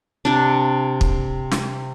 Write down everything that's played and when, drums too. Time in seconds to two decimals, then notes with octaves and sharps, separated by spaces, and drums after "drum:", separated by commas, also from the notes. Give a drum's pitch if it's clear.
0.25 C3 D4
1.01 drum: kick
1.51 drum: snare